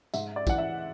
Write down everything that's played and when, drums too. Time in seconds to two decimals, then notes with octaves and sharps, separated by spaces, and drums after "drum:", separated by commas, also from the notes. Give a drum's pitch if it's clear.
0.14 G#2 E5, drum: tambourine
0.36 D5
0.47 E3 F#5, drum: kick, tambourine
0.58 E5